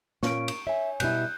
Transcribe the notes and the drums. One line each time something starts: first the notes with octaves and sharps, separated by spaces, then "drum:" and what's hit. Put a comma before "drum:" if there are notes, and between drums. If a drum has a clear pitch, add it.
A#2 C#4 F4 C#6 D7, drum: snare
drum: cymbal
C#5 E5 G#5
B2 G3 E4 F#6 G6, drum: cymbal